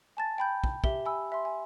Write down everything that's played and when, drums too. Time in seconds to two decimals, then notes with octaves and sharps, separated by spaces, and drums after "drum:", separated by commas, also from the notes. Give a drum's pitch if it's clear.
0.17 G#5 A5 A6
0.38 G5 B5 G6
0.64 drum: kick
0.84 G4 E5 G7, drum: kick
1.05 G#5 B5 E6
1.32 E5 C6
1.45 G#5